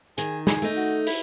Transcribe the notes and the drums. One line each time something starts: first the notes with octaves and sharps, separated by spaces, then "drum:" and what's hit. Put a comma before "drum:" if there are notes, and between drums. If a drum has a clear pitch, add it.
D#3 G#4, drum: hi-hat
G#4, drum: snare
A3 D#4
F#4
E4, drum: open hi-hat